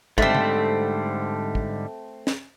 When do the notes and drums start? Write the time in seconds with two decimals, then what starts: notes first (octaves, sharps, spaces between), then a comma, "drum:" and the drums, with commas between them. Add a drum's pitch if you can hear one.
0.18 G#2 D3 G3 A3 C4, drum: kick
0.35 drum: tom
1.55 drum: kick
2.27 drum: snare